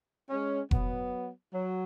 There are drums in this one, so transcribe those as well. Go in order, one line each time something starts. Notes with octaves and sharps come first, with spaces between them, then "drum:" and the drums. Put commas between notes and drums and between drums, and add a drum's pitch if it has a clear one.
G#3 C#4
F#3 B3, drum: kick F1
F#3